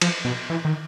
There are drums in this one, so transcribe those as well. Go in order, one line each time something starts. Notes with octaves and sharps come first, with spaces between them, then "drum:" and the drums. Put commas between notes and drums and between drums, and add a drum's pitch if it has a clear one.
F3, drum: cymbal
B2
E3
D#3